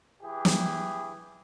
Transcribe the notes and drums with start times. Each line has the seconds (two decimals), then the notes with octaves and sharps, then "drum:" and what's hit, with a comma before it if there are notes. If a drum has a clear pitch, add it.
0.23 E3 G4 G#4
0.45 drum: snare